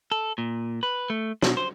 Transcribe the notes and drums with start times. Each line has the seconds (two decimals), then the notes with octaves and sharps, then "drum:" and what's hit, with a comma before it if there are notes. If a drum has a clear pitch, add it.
0.12 A4
0.38 A#2
0.83 B4
1.10 A3
1.42 B2, drum: snare
1.57 C5